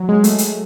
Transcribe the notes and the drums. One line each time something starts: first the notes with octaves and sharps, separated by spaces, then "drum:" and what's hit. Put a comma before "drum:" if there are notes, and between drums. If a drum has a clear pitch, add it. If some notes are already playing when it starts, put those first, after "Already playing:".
Already playing: F#3
G#3
A3, drum: hi-hat
drum: hi-hat